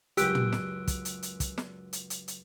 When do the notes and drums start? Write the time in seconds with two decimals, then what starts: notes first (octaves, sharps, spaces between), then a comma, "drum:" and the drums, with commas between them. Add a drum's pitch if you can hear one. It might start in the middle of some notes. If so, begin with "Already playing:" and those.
0.17 C#2 F#2 G4 E6 F#6 D7, drum: hi-hat
0.35 drum: tom
0.52 drum: snare
0.87 drum: kick, hi-hat
1.05 drum: hi-hat
1.23 drum: hi-hat
1.40 drum: kick, hi-hat
1.58 drum: snare
1.93 drum: hi-hat
2.10 drum: hi-hat
2.28 drum: hi-hat